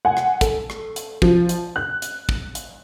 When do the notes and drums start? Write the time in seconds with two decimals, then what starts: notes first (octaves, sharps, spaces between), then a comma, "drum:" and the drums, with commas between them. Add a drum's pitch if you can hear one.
0.05 F#5 G#5
0.17 drum: rim click
0.41 A4, drum: kick, hi-hat
0.70 drum: rim click
0.96 drum: hi-hat
1.22 F3, drum: kick
1.49 drum: hi-hat
1.76 F#6
2.02 drum: hi-hat
2.29 drum: kick
2.55 drum: hi-hat